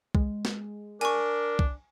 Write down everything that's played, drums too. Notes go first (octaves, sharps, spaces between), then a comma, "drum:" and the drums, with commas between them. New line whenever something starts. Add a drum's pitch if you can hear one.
G#3, drum: kick
drum: snare
D4 A#4 G#5 C#6, drum: cymbal
drum: kick